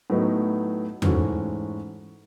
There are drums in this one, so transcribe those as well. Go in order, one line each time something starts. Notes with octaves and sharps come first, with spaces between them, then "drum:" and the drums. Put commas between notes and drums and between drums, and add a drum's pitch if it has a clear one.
A2 F#3 B3 D#4
G#2 E3 A3 C#4 F#4, drum: tom E2